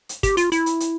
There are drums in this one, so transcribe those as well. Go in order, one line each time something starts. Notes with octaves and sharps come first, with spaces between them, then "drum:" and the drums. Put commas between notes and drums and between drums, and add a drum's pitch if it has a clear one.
drum: hi-hat
G4, drum: kick, hi-hat
F4, drum: hi-hat
E4, drum: hi-hat
drum: hi-hat
drum: hi-hat